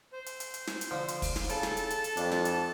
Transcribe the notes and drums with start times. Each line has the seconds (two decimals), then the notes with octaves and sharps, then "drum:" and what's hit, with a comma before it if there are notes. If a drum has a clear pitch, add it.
0.12 C5
0.26 drum: hi-hat
0.40 drum: hi-hat
0.54 drum: hi-hat
0.67 drum: snare
0.81 drum: hi-hat
0.91 D3 F3
1.08 drum: hi-hat
1.22 drum: kick, open hi-hat
1.36 drum: snare
1.49 C#3 A4 A5, drum: hi-hat
1.63 drum: snare
1.77 drum: hi-hat
1.90 drum: hi-hat
2.04 drum: hi-hat
2.17 F2 D4, drum: hi-hat
2.31 drum: snare
2.45 drum: hi-hat